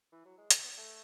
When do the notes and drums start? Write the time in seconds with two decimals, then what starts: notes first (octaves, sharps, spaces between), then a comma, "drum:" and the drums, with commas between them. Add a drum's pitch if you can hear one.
0.12 E3
0.25 F#3
0.38 G#3
0.50 A3, drum: hi-hat
0.64 B3
0.77 A3